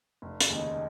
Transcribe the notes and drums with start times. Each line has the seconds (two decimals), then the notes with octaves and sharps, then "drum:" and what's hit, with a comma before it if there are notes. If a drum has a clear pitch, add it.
0.22 F1
0.40 drum: hi-hat
0.50 D#2 C#3 G#3 D#4